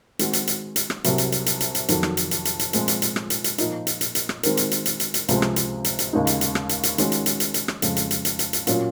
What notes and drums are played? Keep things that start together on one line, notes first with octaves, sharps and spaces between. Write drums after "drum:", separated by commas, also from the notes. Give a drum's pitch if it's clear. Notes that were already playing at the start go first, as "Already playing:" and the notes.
D#3 G#3 C4 F#4, drum: hi-hat
drum: hi-hat
drum: hi-hat
drum: hi-hat
drum: rim click
C2 C3 F#3, drum: hi-hat
drum: hi-hat
drum: hi-hat
drum: hi-hat
drum: hi-hat
drum: hi-hat
F2 D#3 F#3, drum: hi-hat
drum: rim click
drum: hi-hat
drum: hi-hat
drum: hi-hat
drum: hi-hat
A#2 F3 G#3 C4, drum: hi-hat
drum: hi-hat
drum: hi-hat
drum: rim click
drum: hi-hat
drum: hi-hat
A#2 F3 A#3 D#4, drum: hi-hat
drum: hi-hat
drum: hi-hat
drum: hi-hat
drum: rim click
D#3 G#3 C4 F#4 A#4, drum: hi-hat
drum: hi-hat
drum: hi-hat
drum: hi-hat
drum: hi-hat
drum: hi-hat
C#2 C3 F3 G#3 C4, drum: hi-hat
drum: rim click
drum: hi-hat
drum: hi-hat
drum: hi-hat
D#2 C#3 G#3 D#4
drum: hi-hat
drum: hi-hat
drum: rim click
drum: hi-hat
drum: hi-hat
D#3 G#3 C#4 F#4, drum: hi-hat
drum: hi-hat
drum: hi-hat
drum: hi-hat
drum: hi-hat
drum: rim click
F2 C#3 G#3, drum: hi-hat
drum: hi-hat
drum: hi-hat
drum: hi-hat
drum: hi-hat
drum: hi-hat
A#2 F#3 C#4 F4, drum: hi-hat